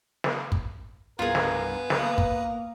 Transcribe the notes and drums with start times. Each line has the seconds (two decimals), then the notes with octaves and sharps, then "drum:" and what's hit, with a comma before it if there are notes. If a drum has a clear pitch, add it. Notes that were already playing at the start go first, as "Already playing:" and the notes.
0.24 drum: snare
0.52 drum: kick
1.19 C2 G2 B3 F4 G#4 A#4
1.35 drum: snare
1.90 A#3 B4 A#5 D#6, drum: snare
2.18 drum: kick